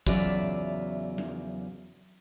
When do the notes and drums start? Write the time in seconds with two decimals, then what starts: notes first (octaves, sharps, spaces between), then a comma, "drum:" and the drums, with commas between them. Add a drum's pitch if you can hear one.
0.07 E2 C#3 F#3 F4 D5 E5, drum: kick
1.18 drum: tom F#3